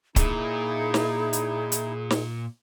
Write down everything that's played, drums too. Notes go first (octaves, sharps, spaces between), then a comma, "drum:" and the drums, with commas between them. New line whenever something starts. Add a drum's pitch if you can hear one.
A#2 D#4 E4 G#4, drum: kick C#1, hi-hat
drum: snare
drum: hi-hat
drum: hi-hat
drum: snare